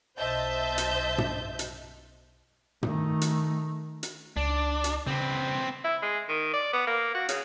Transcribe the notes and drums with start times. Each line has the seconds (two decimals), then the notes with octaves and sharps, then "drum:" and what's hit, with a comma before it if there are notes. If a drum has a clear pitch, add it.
0.18 B1 C5 D#5 E5 A5 G6
0.78 drum: hi-hat
1.18 drum: tom
1.59 drum: hi-hat
2.83 D#3 A3, drum: tom
3.21 drum: hi-hat
4.03 drum: hi-hat
4.37 C#2 D4
4.84 drum: hi-hat
5.07 C#3 C4 B4
5.84 E4
6.02 G#3
6.29 D#3
6.53 D5
6.73 B3
6.87 A#3
7.14 F#4
7.29 C#3, drum: hi-hat